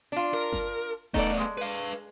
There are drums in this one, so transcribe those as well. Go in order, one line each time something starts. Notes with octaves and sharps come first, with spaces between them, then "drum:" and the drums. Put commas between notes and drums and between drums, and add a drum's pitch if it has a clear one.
D4 F4
A#4
drum: snare G1
A3 B3 D#4 A4 D5, drum: kick D#1
G#3
B4 F5